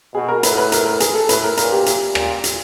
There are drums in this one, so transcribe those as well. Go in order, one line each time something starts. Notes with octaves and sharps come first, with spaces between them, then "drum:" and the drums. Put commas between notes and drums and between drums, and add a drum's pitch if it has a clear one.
B2 G#4
A#4
A2 B4, drum: hi-hat
B4
A#4, drum: hi-hat
A#4
G#4, drum: hi-hat
A4
A2 B4, drum: hi-hat
A#4
A#2 A#4, drum: hi-hat
G4
drum: hi-hat
A#2, drum: rim click
drum: hi-hat